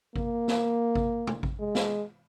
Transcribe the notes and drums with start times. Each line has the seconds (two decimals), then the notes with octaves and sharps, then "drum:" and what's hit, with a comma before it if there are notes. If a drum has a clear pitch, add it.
0.16 A#3, drum: kick A1
0.48 drum: snare
0.95 drum: kick A1
1.27 drum: tom
1.43 drum: kick A1
1.60 G#3
1.75 drum: snare